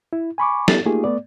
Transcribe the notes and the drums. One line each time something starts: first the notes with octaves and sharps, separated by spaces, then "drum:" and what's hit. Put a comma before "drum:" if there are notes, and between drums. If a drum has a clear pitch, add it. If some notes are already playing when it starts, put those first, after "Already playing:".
E4
G#5 B5 C#6 D6
B3 E4 G4 A4 A6, drum: snare
A3 A#3 D#4 F4 G4 G#4
A3 B3 D5